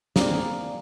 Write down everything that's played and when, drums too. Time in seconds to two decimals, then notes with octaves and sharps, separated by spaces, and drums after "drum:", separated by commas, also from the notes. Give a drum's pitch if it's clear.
0.16 A#3 C4 G#4 D5, drum: snare